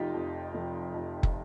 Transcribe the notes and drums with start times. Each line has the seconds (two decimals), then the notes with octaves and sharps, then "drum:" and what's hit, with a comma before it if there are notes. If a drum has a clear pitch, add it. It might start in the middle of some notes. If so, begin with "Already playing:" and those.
Already playing: F1 D#4 F4 G4
0.14 F2
0.55 F1
0.94 F2
1.23 drum: kick